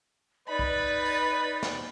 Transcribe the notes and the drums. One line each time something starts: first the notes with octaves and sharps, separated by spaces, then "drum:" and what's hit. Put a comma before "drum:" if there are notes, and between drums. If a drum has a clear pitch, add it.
D#4 B4 D5 B5
drum: kick
drum: open hi-hat
drum: snare